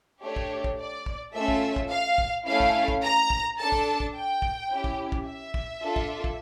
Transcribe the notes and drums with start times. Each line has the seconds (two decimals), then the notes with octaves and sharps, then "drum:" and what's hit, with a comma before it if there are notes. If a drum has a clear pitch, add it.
0.22 A3 D4 G4 C#5
0.36 drum: kick
0.64 drum: kick
0.78 D5
1.06 drum: kick
1.35 A3 C#4 F4 A4 E5
1.48 drum: kick
1.76 drum: kick
1.90 F5
2.18 drum: kick
2.47 A3 C#4 E4 F5
2.60 drum: kick
2.88 drum: kick
3.03 A#5
3.30 drum: kick
3.58 D4 A4 A5
3.72 drum: kick
4.00 drum: kick
4.15 G5
4.42 drum: kick
4.70 C#4 E4 G4
4.84 drum: kick
5.12 drum: kick
5.26 E5
5.54 drum: kick
5.82 D4 F4 A4
5.96 drum: kick
6.24 drum: kick